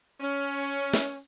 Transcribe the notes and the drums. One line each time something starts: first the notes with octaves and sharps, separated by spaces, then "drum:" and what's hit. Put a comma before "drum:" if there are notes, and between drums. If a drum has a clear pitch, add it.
C#4
drum: snare